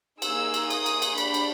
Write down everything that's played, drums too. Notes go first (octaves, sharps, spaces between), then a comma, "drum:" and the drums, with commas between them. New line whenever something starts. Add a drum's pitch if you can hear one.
A#3 D#4 G#4 E6, drum: cymbal
drum: cymbal
D#6, drum: cymbal
drum: cymbal
drum: cymbal
D4 B5, drum: cymbal
G4
drum: cymbal